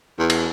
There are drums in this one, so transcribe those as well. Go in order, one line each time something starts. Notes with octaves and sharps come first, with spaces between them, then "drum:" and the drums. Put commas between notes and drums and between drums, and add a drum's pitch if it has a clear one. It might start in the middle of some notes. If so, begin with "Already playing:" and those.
E2
drum: cymbal